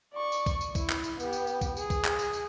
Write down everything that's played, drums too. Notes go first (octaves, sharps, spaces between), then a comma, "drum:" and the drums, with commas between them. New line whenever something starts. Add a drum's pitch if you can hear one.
D5 C#6
drum: tambourine
drum: kick, tambourine
drum: tambourine
E4, drum: kick, tambourine
drum: clap
drum: tambourine
B3 G4, drum: tambourine
drum: tambourine
drum: tambourine
drum: kick, tambourine
G#4, drum: tambourine
drum: kick, tambourine
drum: clap
drum: tambourine
drum: tambourine